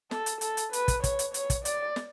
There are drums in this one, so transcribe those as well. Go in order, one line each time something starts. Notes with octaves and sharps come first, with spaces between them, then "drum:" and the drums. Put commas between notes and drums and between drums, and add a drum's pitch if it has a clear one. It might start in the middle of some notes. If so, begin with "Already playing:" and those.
A4, drum: snare
drum: hi-hat
A4, drum: hi-hat
drum: hi-hat
B4, drum: hi-hat
drum: kick, hi-hat
C#5, drum: kick, hi-hat
drum: hi-hat
C#5, drum: hi-hat
drum: kick, hi-hat
D5, drum: hi-hat
drum: snare